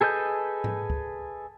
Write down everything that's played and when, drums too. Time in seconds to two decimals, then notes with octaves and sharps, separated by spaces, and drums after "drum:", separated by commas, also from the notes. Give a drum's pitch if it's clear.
0.01 G#4 A4 B4 D#5 G6
0.64 drum: tom G#2
0.90 drum: kick